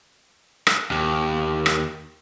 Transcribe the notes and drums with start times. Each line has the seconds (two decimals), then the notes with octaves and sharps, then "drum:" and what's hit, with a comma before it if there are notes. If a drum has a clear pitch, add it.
0.67 drum: rim click
0.91 D#2
1.66 drum: rim click